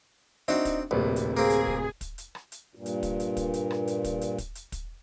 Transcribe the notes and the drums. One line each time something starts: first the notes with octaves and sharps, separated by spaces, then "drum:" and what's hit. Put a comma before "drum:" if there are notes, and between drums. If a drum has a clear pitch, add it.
C4 D4 D#4 F#4 E5, drum: hi-hat
drum: kick, hi-hat
D1 A#1 C3 B4
drum: hi-hat
A#3 C4 G#4
drum: hi-hat
drum: kick
drum: kick, hi-hat
drum: hi-hat
drum: rim click
drum: hi-hat
G2 A#2
drum: hi-hat
drum: kick, hi-hat
drum: hi-hat
drum: kick, hi-hat
drum: hi-hat
drum: rim click
drum: hi-hat
drum: kick, hi-hat
drum: hi-hat
drum: kick, hi-hat
drum: hi-hat
drum: kick, hi-hat